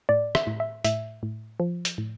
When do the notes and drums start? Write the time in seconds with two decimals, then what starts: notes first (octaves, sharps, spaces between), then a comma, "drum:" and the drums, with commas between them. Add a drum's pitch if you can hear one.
0.09 A2 D5
0.35 E5, drum: rim click
0.47 A2
0.60 E5
0.84 A2 E5, drum: hi-hat
1.23 A2
1.60 F3
1.85 drum: hi-hat
1.98 A2